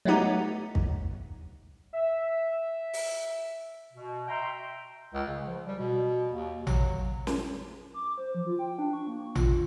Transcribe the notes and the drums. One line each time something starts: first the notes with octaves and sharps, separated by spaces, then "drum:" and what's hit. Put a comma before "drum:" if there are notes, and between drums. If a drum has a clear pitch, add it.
F#3 G#3 A3 B3 D#4 G4
drum: kick
E5
drum: open hi-hat
B2
E5 G5 A#5 C6
C#2
C#3
F3
G3
B2
D#2
F#3, drum: tom A1
drum: snare
D6
C5
F3
F4
G5
D4
C#6
A#3
F4, drum: tom A1